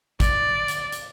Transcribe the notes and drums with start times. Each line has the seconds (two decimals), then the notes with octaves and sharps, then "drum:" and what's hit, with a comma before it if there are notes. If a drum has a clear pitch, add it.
0.20 D5, drum: kick, hi-hat
0.68 drum: hi-hat
0.92 drum: hi-hat